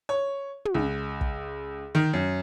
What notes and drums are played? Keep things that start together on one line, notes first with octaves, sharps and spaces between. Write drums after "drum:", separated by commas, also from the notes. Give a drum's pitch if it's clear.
C#5
drum: tom
C#2
drum: kick
D#3
F#2